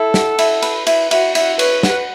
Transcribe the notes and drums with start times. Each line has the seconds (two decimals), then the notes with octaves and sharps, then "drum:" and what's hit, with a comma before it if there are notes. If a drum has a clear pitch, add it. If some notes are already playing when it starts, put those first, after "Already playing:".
Already playing: E4 A4
0.14 F#5, drum: snare
0.39 E4, drum: cymbal
0.62 B4, drum: cymbal
0.87 E4, drum: cymbal
1.11 E4 F#4, drum: cymbal
1.35 E4, drum: cymbal
1.59 B4 C#5, drum: cymbal
1.83 F#5, drum: snare